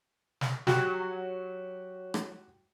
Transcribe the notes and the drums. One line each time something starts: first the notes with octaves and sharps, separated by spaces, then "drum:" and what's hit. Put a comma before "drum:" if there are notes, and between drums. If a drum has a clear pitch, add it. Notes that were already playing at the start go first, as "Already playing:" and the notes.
drum: snare
F#3 F#4 G4, drum: snare
drum: rim click